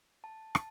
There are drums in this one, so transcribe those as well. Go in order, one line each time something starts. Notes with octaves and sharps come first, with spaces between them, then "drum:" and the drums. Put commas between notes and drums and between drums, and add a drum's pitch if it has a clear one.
A5
A5, drum: rim click